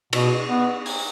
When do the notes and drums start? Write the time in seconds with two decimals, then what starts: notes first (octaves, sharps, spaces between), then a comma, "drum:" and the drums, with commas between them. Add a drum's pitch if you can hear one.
0.13 B2, drum: cymbal
0.47 B3
0.86 drum: open hi-hat